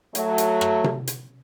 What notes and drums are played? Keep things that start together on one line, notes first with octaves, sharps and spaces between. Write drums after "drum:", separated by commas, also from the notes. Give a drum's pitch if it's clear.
F#3 A3, drum: hi-hat
drum: hi-hat
drum: rim click
drum: tom C3
drum: hi-hat